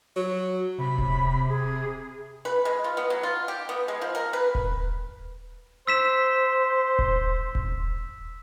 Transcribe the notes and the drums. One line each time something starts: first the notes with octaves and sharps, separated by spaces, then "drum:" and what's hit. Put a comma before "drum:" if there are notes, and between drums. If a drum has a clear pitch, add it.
F#3
C3 B5
drum: kick D#1
G#4
B4
G#3
F4
B3
F#3
F4
G4
B3
G#3
F3
A#4
B4
drum: kick D#1
C5 E6 B6 E7
drum: kick D#1
drum: kick D#1